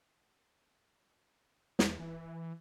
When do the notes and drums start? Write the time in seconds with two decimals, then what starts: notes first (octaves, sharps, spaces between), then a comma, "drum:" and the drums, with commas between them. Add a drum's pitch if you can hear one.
1.79 E2, drum: snare
1.99 E3